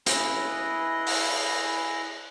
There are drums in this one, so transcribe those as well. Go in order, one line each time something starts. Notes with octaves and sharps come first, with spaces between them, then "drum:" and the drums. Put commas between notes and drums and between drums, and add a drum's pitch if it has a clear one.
E4 G#4 B4 D#5, drum: hi-hat
drum: open hi-hat